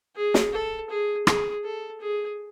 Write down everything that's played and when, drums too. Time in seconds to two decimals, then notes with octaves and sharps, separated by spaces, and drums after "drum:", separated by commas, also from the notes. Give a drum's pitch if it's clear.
0.16 G#4
0.34 drum: snare
0.53 A4
0.90 G#4
1.27 G#4, drum: rim click
1.64 A4
2.01 G#4